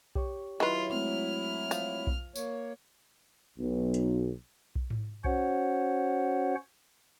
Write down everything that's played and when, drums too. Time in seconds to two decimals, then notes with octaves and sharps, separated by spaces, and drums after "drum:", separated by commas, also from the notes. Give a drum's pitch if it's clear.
0.15 G4 C#5 C#6, drum: kick B1
0.60 D#3 F#3 E4 F4 B4
0.92 G#3 A3 C4 F6
1.71 F3, drum: tambourine
2.07 drum: kick B1
2.35 A#3 C#5, drum: tambourine
3.58 B1
3.94 drum: hi-hat
4.76 drum: kick B1
4.90 drum: tom G#2
5.24 C#4 F#4 C5 C#5 F#5, drum: kick B1